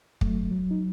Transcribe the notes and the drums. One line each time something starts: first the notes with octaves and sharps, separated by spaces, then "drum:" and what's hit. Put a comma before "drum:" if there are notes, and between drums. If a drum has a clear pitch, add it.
F#3 A3, drum: kick
F#3
D#4